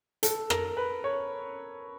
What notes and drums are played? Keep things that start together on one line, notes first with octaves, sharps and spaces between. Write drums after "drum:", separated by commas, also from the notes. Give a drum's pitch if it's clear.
A4, drum: hi-hat
A#4, drum: rim click
B4
C#5